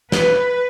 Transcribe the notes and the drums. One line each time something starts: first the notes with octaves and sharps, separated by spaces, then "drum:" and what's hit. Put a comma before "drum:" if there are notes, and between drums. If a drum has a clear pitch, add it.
B4, drum: snare